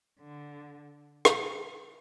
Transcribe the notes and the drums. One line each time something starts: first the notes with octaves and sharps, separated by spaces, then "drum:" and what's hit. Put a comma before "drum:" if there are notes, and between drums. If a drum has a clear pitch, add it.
D3
drum: rim click